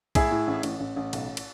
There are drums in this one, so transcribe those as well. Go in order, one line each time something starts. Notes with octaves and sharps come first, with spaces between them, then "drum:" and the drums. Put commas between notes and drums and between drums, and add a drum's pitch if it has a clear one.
A2 E4 G#4, drum: kick B1, cymbal
A2
A1
A1, drum: cymbal
A1
A1
B1, drum: cymbal
drum: cymbal